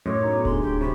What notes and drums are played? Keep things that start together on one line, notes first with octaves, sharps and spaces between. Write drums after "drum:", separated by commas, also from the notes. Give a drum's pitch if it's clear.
F#2 A2 C#5 D#5 C6 D6
D#4 F#4 A#5
B3 F#4 A4
D4 G#4 G#5 C6, drum: kick D1
G4
C3 B5 C#6 D6